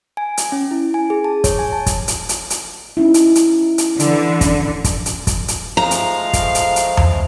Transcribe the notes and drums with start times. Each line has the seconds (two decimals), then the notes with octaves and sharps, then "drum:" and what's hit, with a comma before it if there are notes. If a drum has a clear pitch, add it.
0.17 G#5
0.37 drum: hi-hat
0.52 C#4
0.71 E4
0.94 G#5
1.10 G#4
1.24 A5
1.44 C#5, drum: kick, hi-hat
1.59 G#5
1.73 A5
1.86 drum: kick, hi-hat
2.08 drum: hi-hat
2.29 drum: hi-hat
2.50 drum: hi-hat
2.97 C#4 D#4 E4
3.14 drum: hi-hat
3.35 drum: hi-hat
3.78 drum: hi-hat
4.00 D3 E3, drum: hi-hat
4.41 C#4, drum: kick, hi-hat
4.84 drum: kick, hi-hat
5.06 drum: hi-hat
5.27 drum: kick, hi-hat
5.48 drum: hi-hat
5.77 F3 G#3 A3 F5 A#5
5.91 drum: hi-hat
6.33 drum: kick, hi-hat
6.55 drum: hi-hat
6.76 drum: hi-hat
6.97 drum: tom E2